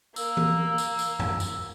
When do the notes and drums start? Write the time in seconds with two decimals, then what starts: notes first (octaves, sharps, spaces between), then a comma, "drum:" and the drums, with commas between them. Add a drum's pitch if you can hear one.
0.16 A#3 E6, drum: tambourine
0.37 drum: tom E3
0.78 drum: tambourine
0.99 drum: tambourine
1.19 drum: tom F#2
1.40 drum: tambourine